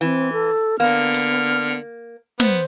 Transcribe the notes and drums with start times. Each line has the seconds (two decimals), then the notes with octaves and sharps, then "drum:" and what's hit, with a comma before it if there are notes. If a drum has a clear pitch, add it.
0.01 E3 C4
0.33 A4
0.80 D3 A#3 B3 F6
1.14 drum: open hi-hat
2.40 B3 C5, drum: snare